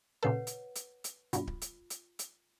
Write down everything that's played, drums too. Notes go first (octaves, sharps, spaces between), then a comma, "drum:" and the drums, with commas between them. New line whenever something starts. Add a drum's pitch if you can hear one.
A#2 C#3 A4 B4 C#5 F#5
drum: hi-hat
drum: hi-hat
drum: hi-hat
G2 B2 F4, drum: hi-hat
drum: kick D1
drum: hi-hat
drum: hi-hat
drum: hi-hat